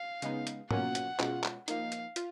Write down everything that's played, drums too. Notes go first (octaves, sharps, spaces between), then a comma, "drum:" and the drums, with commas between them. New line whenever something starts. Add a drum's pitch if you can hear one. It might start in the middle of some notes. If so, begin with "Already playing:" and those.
Already playing: F5
C#3 G#3 B3 D#4, drum: hi-hat
drum: hi-hat
B2 F#3 A#3 C#4 F4 F#5, drum: tom
drum: hi-hat
B2 G#3 C#4 F4, drum: clap
drum: clap
F3 A#3 D#4 F5, drum: hi-hat
drum: hi-hat
F4, drum: hi-hat